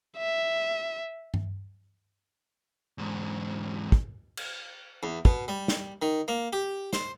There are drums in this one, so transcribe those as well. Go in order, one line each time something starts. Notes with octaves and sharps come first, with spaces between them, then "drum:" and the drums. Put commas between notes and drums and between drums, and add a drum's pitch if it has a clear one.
E5
drum: tom G2
E2 G#2
drum: kick
drum: cymbal
E2
B2, drum: kick
G3
drum: snare
D#3
A#3
G4
C5, drum: snare